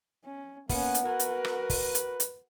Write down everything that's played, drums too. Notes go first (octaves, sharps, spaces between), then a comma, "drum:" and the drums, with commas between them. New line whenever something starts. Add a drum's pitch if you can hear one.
C#4
A#3 B3 C#4 F#5, drum: kick, open hi-hat
drum: hi-hat
F#4 A#4 B4 G#5
drum: hi-hat
drum: rim click
drum: kick, open hi-hat
drum: hi-hat
drum: hi-hat